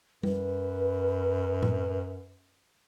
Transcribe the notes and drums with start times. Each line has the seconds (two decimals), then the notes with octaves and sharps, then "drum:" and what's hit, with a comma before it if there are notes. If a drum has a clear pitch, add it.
0.23 F#2 B4, drum: tom G3
1.63 drum: tom A2